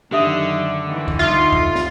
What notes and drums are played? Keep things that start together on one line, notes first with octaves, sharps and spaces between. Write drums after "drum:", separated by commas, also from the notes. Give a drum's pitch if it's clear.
F#2 D3 D#3 G4 E5 D#6
D#3 E3
drum: kick
G3 D#4 F4 E5 C#6
drum: kick
drum: snare